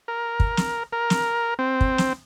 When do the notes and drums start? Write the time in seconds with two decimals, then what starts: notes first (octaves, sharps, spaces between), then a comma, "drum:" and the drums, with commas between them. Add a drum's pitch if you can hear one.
0.08 A#4
0.40 drum: kick
0.57 drum: snare
0.92 A#4
1.10 drum: snare
1.59 C4
1.81 drum: kick
1.98 drum: snare